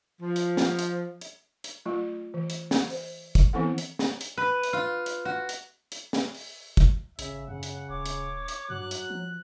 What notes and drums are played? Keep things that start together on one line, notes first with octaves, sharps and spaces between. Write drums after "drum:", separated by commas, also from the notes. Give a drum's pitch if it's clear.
F3
drum: hi-hat
drum: snare
drum: hi-hat
drum: hi-hat
drum: hi-hat
F#3 A3 F4
E3
drum: hi-hat
drum: snare
C5, drum: open hi-hat
drum: kick, hi-hat
E3 B3 C4 E4 A4 F#5
drum: hi-hat
drum: snare
drum: hi-hat
B4
drum: hi-hat
F4
drum: hi-hat
F#4
drum: hi-hat
drum: hi-hat
drum: snare
drum: open hi-hat
drum: kick, hi-hat
G#1 C#3 E5, drum: hi-hat
F#2 C#3 F#5
drum: hi-hat
D#1 C#5 D6
drum: hi-hat
drum: hi-hat
G2 F#3 F#6
drum: hi-hat
F3